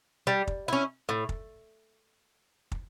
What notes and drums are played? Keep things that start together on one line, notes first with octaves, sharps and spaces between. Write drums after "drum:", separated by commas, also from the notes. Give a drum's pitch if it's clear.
G3
drum: kick
C#4 E4
A2
drum: kick
drum: kick